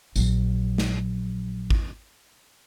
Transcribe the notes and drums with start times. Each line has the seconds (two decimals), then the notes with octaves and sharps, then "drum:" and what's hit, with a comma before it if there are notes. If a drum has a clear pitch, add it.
0.16 A#1 F#3, drum: tambourine
0.78 drum: snare
1.70 drum: kick G#1